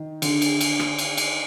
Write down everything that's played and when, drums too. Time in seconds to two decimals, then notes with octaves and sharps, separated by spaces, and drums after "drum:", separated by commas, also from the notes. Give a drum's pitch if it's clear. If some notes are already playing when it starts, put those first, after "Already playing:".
Already playing: D#3
0.22 D3, drum: cymbal
0.42 drum: cymbal
0.61 drum: cymbal
0.80 drum: rim click
0.98 drum: cymbal
1.17 drum: cymbal